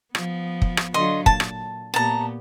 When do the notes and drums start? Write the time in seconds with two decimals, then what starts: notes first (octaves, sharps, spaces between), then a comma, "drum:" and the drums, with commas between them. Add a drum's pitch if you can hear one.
0.15 F3 B3, drum: rim click
0.62 drum: kick
0.77 drum: rim click
0.94 D3 F#3 F4 D#5 C6
1.26 A#2 A5, drum: kick
1.40 drum: rim click
1.94 A#2 B3 G4 A5 A#5